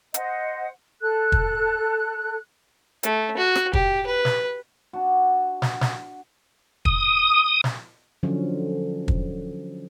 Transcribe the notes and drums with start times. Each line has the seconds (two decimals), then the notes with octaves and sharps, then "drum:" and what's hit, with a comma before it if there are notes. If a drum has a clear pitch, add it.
0.14 C5 D#5 F#5, drum: hi-hat
1.01 A4 F#6
1.32 drum: kick
3.03 A3, drum: hi-hat
3.37 F#4
3.56 drum: rim click
3.73 G4, drum: kick
4.06 B4
4.25 drum: snare
4.93 D4 F#4
5.62 drum: snare
5.81 drum: snare
6.85 D#6, drum: kick
7.64 drum: snare
8.23 D3 F3 F#3 C#4
9.08 drum: kick